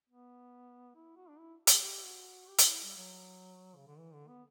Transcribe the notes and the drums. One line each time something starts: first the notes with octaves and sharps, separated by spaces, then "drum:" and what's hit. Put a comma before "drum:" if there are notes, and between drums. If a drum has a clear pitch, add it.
B3
E4
F#4
D4
E4
G4, drum: hi-hat
G4
F#4
G4
F#4, drum: hi-hat
E4
G3
F#3
C#3
D3
E3
D3
B3